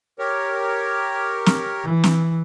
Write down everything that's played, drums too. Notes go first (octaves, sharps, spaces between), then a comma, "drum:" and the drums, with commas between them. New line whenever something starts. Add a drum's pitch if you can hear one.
G4 A#4 C#5
drum: snare
E3
drum: snare